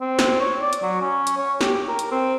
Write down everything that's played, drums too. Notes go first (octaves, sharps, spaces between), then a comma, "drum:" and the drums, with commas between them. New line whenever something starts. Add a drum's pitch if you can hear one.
C4
drum: snare
C#5
D5
drum: hi-hat
F#3
C#4
drum: hi-hat
C#5
G4, drum: snare
A#4
drum: hi-hat
C4